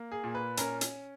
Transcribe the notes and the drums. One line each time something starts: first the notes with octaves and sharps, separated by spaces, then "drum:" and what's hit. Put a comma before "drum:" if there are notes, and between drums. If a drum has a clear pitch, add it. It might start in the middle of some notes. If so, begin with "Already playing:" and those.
Already playing: A#3
G#4
A#2
B4
C#4 A#4, drum: hi-hat
drum: hi-hat